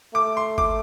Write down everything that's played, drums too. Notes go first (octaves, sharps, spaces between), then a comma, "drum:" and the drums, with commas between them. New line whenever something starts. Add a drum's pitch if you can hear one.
A3 D6
C6
D6, drum: kick G#1